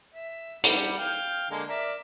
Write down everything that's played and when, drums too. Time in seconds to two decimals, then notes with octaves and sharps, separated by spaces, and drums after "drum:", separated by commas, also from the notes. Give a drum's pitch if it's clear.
0.14 E5
0.64 G3 F#5, drum: hi-hat
0.98 F5 G5
1.51 D3 G#3 A#3
1.69 A#4 D5 E5